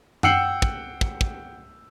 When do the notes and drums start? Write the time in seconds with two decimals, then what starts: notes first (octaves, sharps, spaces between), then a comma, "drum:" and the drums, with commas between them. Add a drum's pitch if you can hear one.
0.23 F#5 G5 E6 C7 C#7 F#7, drum: tom F#2
0.62 drum: kick
1.01 drum: kick
1.21 drum: kick